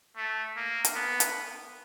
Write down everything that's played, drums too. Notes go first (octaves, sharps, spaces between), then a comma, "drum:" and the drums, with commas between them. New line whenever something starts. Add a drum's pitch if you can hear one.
A3
A#3
drum: hi-hat
B3
drum: hi-hat